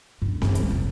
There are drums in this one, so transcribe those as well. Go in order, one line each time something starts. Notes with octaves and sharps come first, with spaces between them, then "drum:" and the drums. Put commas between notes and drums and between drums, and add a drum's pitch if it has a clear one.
G2
E3 D#4, drum: snare C4
D#3 G3, drum: hi-hat
F1